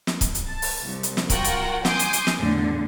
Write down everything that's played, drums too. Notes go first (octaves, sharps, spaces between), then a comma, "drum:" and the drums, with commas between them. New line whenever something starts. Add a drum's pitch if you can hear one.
drum: snare
drum: kick, hi-hat
drum: hi-hat
A5
drum: open hi-hat
C2
drum: hi-hat
drum: snare
F4 F#4 A#4 F#5 G5, drum: kick, hi-hat
drum: hi-hat
G#5 C6 D6 D#6 G6, drum: snare
drum: hi-hat
drum: hi-hat
drum: snare
E2 A2 D3